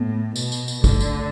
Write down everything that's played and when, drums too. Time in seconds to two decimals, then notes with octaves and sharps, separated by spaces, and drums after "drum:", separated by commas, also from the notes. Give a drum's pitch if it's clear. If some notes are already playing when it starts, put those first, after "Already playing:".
Already playing: A2 B3
0.36 B2, drum: tambourine
0.52 drum: tambourine
0.68 drum: tambourine
0.84 D3 A3, drum: kick, tambourine
1.00 drum: tambourine